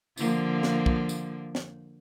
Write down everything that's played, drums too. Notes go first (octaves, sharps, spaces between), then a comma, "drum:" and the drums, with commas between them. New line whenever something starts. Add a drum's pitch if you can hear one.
D3 F3 A#3, drum: tambourine
drum: snare
drum: kick
drum: tambourine
drum: snare